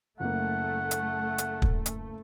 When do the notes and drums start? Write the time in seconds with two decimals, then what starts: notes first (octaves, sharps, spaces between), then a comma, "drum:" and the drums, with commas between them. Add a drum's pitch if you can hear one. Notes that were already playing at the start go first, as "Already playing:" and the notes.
0.20 F#1 A3 A#3 F#5
0.91 drum: hi-hat
1.38 drum: hi-hat
1.62 drum: kick
1.86 drum: hi-hat